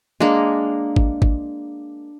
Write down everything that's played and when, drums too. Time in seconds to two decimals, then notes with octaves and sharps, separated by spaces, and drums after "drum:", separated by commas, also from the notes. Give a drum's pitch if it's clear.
0.20 G#3 A#3 D4
0.96 drum: kick
1.22 drum: kick